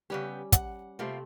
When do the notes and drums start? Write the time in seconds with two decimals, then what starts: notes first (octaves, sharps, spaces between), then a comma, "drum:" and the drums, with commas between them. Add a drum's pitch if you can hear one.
0.10 C#3 G3 B3 C#4 G4
0.52 F#5, drum: kick, hi-hat
0.99 C3 G3 A3 A#3 C4 F4